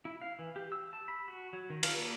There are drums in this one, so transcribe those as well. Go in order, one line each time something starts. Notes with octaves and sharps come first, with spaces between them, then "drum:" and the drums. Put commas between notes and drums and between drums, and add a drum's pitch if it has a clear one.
E4
F5
E3
G4
E6
A5
B5
F#4
F#3
D#3
F5, drum: cymbal
A#3